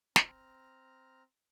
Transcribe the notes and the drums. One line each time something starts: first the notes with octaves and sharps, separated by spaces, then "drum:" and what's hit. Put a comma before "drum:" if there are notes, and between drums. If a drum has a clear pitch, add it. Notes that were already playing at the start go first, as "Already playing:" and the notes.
C4 A#5 F6, drum: snare